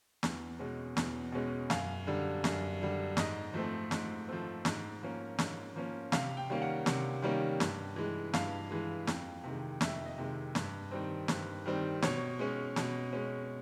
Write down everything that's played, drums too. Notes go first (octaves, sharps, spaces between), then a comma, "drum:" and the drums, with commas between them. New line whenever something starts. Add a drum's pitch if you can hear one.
E2, drum: snare
B2 G#3 C#4
E2, drum: snare
B2 G#3 C#4
F#2 F5, drum: snare
D3 G3
F#2, drum: snare
D3 G3
G#2 D#5, drum: snare
F3 A3 C4
G#2, drum: snare
F3 A3 C4
G#2, drum: snare
F3 A#3 C#4
G#2, drum: snare
F3 A#3 C#4
C3 F5, drum: snare
G5
D#3 G3 A#3 C#4
F#5
C3, drum: snare
D#3 G3 A#3 C#4
G2, drum: snare
E3 G#3
G2 F5, drum: snare
E3 G#3
F2, drum: snare
C3 D#3 G#3
F2 E5, drum: snare
D#5
C3 D#3 G#3
G2, drum: snare
D#3 G3 C4
G2, drum: snare
D#3 G3 C4
B2 C#5, drum: snare
G#3 C#4
B2, drum: snare
G#3 C#4